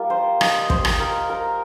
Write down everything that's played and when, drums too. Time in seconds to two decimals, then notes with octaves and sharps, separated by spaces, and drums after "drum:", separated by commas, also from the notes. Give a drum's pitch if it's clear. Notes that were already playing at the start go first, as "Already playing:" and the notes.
Already playing: G3 A#3 F4 A#4
0.10 C5
0.41 D#5, drum: rim click
0.70 C5, drum: kick
0.85 drum: rim click
1.00 A#4
1.30 A#4